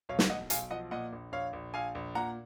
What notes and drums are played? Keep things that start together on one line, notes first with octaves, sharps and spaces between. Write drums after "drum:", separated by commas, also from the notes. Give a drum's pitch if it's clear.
B1 C#5 F5
drum: snare
B1 D#5 F#5
B1 F5 G#5, drum: hi-hat
F3 D#5 F#5
A#2 D#5 F#5
A#1
A#1 C#5 F5
A#1
A#1 F5 G#5
A#1
A#2 F#5 A#5